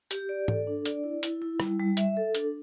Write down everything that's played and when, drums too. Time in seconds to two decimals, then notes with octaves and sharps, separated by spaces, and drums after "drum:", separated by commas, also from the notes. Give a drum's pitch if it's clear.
0.11 G4, drum: hi-hat
0.29 D5
0.48 A4, drum: tom G#2
0.67 D4
0.86 D5, drum: hi-hat
1.04 E4
1.23 E4, drum: hi-hat
1.42 E4
1.60 G3, drum: rim click
1.79 G3
1.97 E5, drum: hi-hat
2.17 A4
2.35 D4, drum: hi-hat